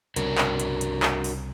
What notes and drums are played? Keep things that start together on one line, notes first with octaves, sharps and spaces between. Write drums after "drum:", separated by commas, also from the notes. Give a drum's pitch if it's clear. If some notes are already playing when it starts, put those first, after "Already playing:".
C2 C#3 D4 F#4 A#4, drum: hi-hat
drum: clap
drum: hi-hat
drum: hi-hat
drum: clap
drum: open hi-hat